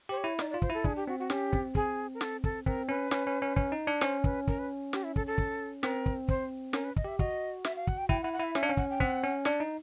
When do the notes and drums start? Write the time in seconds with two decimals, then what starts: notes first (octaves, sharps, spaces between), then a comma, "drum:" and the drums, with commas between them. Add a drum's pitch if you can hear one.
0.09 G4 C5
0.17 C#5
0.24 E4
0.39 D#4 D5, drum: snare
0.50 D5
0.54 F4
0.62 C5, drum: kick
0.70 E4 A4
0.84 D4 G#4, drum: kick
0.96 G4
1.07 C4 F#4
1.19 F#4
1.30 C#4 G4, drum: snare
1.53 C4, drum: kick
1.75 G#4, drum: kick
2.14 A#4
2.21 A4, drum: snare
2.44 A4, drum: kick
2.66 C4 A#4, drum: kick
2.89 C#4 B4
3.11 C#4, drum: snare
3.27 C#4
3.42 C#4
3.56 C#4, drum: kick
3.72 D#4
3.87 D4
4.01 C#4 C5, drum: snare
4.24 B4, drum: kick
4.47 A#4, drum: kick
4.59 B4
4.93 G4, drum: snare
5.04 E4
5.16 A4, drum: kick
5.27 A4
5.38 drum: kick
5.83 C4 A#4, drum: snare
6.06 drum: kick
6.28 C5, drum: kick
6.73 C#4 A#4, drum: snare
6.85 B4
6.96 D#5, drum: kick
7.04 G4 E5
7.19 F#4 D#5, drum: kick
7.65 E5, drum: snare
7.76 F5
7.87 F#5, drum: kick
7.98 G5
8.09 E4 G5, drum: kick
8.22 F#5
8.24 E4
8.33 F#5
8.40 E4 E5
8.55 C#4 E5, drum: snare
8.63 D4
8.66 F5
8.69 C#4
8.77 F#5, drum: kick
8.90 G5
9.00 C4 F#5, drum: kick
9.24 C#4
9.45 D4 D5, drum: snare
9.60 D#4